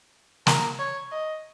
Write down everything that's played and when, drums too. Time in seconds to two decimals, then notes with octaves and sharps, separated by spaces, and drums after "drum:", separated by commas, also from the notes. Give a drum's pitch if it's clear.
0.47 A#4, drum: snare
0.79 C#5
1.12 D#5